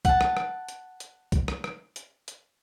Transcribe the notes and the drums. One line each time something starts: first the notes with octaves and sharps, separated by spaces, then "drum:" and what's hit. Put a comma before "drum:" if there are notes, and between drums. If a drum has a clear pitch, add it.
F#5 A5, drum: kick C2, hi-hat
drum: rim click
drum: rim click
drum: hi-hat
drum: hi-hat
drum: kick C2, hi-hat
drum: rim click
drum: rim click
drum: hi-hat
drum: hi-hat